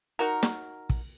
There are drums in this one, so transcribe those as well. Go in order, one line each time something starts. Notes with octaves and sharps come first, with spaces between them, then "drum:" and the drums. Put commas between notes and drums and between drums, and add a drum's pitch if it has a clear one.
D#4 F#4 A#4
drum: snare
drum: kick